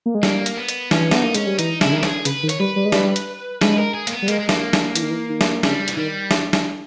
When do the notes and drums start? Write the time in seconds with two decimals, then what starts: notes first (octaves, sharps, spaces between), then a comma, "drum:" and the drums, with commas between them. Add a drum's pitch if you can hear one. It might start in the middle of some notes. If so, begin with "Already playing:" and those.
0.06 A#3
0.15 G#3
0.23 G3 A#3, drum: snare
0.46 drum: hi-hat
0.57 B3
0.69 drum: hi-hat
0.91 E3 C#4, drum: snare
1.11 B3 D#4, drum: snare
1.24 A#3
1.34 G#3 C#4, drum: hi-hat
1.47 G3
1.59 E3 D#4, drum: hi-hat
1.81 C#3 E4, drum: snare
1.92 D#3 A#4
2.03 G#4, drum: snare
2.25 C#3 B4, drum: hi-hat
2.43 D#3
2.49 C#5, drum: hi-hat
2.60 G3 B4
2.76 G3
2.85 G#3
2.92 G3, drum: snare
3.16 drum: hi-hat
3.61 G#3 B4, drum: snare
3.78 A#4
3.94 G#4
4.07 A#3, drum: hi-hat
4.11 B3
4.22 G3
4.28 G#3 A#3, drum: hi-hat
4.39 G#3
4.49 A#3, drum: snare
4.73 drum: snare
4.95 E3, drum: hi-hat
5.03 D#3
5.10 E3
5.30 D#3
5.41 drum: snare
5.63 C#3 G3, drum: snare
5.88 E3, drum: hi-hat
5.96 D#3 G3
6.31 drum: snare
6.53 drum: snare